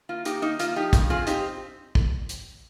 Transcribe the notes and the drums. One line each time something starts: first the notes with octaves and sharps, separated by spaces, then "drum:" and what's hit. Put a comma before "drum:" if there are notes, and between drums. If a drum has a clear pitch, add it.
A#3 F4
A#3 D#4 G4, drum: hi-hat
A#3 D#4
A#3 F4, drum: hi-hat
F3 D#4 G4
G2, drum: kick, hi-hat
C4 F4 G#4
C4 D#4 G4, drum: hi-hat
drum: kick
drum: hi-hat